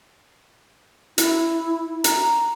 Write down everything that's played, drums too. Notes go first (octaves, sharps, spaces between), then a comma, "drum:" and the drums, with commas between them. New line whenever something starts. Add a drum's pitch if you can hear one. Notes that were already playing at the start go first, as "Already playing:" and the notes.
E4, drum: hi-hat
A#5, drum: hi-hat